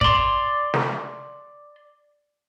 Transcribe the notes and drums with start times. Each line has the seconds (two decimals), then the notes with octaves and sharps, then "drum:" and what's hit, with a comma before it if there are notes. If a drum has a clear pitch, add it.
0.01 D5 C6, drum: kick
0.74 drum: snare